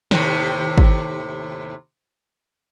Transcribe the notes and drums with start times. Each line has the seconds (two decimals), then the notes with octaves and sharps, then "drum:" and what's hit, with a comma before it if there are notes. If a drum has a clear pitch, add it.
0.11 D#2 A2 C3, drum: snare
0.78 drum: kick